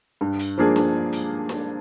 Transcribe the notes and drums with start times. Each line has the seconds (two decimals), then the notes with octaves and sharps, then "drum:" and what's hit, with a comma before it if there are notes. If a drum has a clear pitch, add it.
0.21 G2
0.39 drum: hi-hat
0.58 F3 A#3 D4 G#4
0.76 drum: snare D4
1.13 drum: hi-hat
1.49 drum: snare D4